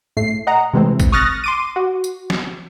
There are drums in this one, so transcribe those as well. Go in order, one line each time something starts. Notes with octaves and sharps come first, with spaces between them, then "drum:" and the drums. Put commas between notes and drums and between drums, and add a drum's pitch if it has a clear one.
A2 A3 C7
D#5 F#5 A#5
C3 E3 G#3 A3 C4
drum: kick A1, tambourine
C#6 D#6 F6 F#6 A6 A#6
C6 D6 D#7
F#4
drum: tambourine
drum: snare